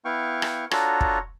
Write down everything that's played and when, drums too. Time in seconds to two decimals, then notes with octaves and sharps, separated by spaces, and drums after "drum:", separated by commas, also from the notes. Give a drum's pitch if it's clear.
0.05 B3 E4 F5 G5 C#6
0.42 drum: rim click
0.71 D4 F4 F#4 A4 C#5 A#5, drum: rim click
1.01 drum: kick